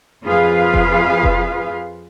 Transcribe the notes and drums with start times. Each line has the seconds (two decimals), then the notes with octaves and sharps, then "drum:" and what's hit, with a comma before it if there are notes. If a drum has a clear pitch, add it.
0.24 F2 F4 G#4 B4 F5
0.74 drum: kick F1
1.23 drum: kick F1